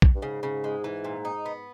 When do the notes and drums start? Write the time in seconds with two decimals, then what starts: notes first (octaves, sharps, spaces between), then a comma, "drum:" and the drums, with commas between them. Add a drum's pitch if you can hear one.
0.02 drum: kick A#1
0.15 G2
0.22 G#2 C#3
0.43 C#3
0.64 G#3
0.84 E3
1.04 A#2
1.25 D#4
1.46 B3